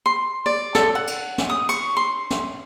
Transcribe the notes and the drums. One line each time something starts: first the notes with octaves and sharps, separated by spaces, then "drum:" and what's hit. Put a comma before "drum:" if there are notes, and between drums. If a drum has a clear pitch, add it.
C6
D5
A4, drum: snare
F#5
drum: cymbal
drum: snare
D#6
C#6, drum: cymbal
C6
drum: snare